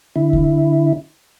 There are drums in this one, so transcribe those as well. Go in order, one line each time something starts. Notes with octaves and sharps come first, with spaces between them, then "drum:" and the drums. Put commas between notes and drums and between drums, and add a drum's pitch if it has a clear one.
D3 E4
drum: kick D#2